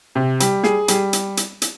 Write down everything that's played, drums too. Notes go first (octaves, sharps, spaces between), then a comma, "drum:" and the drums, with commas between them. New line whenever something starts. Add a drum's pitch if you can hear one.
C3
G3, drum: hi-hat
G#4, drum: snare
G3, drum: hi-hat
drum: hi-hat
drum: hi-hat
drum: hi-hat